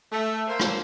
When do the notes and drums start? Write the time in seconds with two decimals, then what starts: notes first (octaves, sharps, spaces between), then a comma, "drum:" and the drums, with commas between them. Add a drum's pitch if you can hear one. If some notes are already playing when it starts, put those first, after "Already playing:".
0.11 A3
0.48 A#3 C5
0.60 drum: rim click